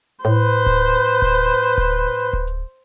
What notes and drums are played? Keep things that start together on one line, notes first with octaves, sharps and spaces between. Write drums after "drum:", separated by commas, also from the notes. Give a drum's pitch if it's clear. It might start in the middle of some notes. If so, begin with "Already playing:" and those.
A2 B4 C5, drum: hi-hat
drum: kick D1
drum: hi-hat
drum: hi-hat
drum: kick D1
drum: hi-hat
drum: hi-hat
drum: kick D1
drum: hi-hat
drum: hi-hat
drum: kick D1
drum: hi-hat